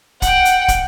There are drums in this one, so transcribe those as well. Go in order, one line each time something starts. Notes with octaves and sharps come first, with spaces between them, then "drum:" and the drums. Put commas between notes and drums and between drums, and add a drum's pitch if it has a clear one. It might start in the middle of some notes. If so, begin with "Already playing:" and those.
F#5 G5, drum: kick, hi-hat
drum: hi-hat
drum: kick, hi-hat